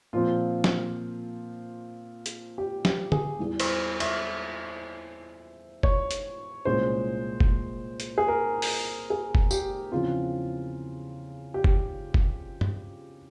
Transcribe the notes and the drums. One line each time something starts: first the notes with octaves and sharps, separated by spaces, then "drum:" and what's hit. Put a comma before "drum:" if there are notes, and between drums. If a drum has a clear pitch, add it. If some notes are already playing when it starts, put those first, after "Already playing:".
A#2 F3 C4 F4
drum: snare
drum: hi-hat
G4
G4, drum: snare
G#4, drum: tom
E2 E3 G3
C5, drum: cymbal
E5, drum: cymbal
C#5, drum: kick F#1
drum: hi-hat
C2 A#2 G#3 C#4 C5
drum: kick F#1
drum: hi-hat
G#4
A#4
drum: open hi-hat
G#4
drum: kick F#1
G4, drum: tambourine
E2 C#3 F3 C4 F4
G4
drum: kick F#1
drum: kick F#1
drum: tom